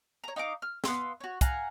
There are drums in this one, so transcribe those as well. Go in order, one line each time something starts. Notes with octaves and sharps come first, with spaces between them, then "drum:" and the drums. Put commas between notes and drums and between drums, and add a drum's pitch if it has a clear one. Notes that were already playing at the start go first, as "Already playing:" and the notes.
C#5 A#5
D#4 F5 A#5 D6
F6
B3 F5 C6 E6, drum: snare
F#4 C#5
F5 F#5 G#5 A#5, drum: kick, hi-hat